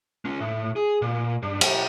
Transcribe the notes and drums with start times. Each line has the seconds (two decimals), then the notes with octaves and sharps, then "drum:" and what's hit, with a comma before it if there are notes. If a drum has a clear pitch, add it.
0.25 G#3 C#4
0.40 A2
0.76 G#4
1.02 A#2
1.43 G2
1.61 B1 G4, drum: cymbal